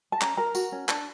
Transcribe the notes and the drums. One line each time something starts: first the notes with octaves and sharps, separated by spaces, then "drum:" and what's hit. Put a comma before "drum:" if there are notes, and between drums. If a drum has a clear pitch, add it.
A5
C#4 A#5, drum: clap
A#4 A#5
F#4, drum: tambourine
C#4
D4 A5, drum: clap